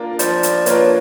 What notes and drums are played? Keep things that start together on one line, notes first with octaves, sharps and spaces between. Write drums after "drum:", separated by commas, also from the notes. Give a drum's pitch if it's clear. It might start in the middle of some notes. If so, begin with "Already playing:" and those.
Already playing: A#3 D4 F4 A#4
F3 C5 D5, drum: hi-hat
drum: hi-hat
A#3 D4 F4 A#4 B4 C#5, drum: hi-hat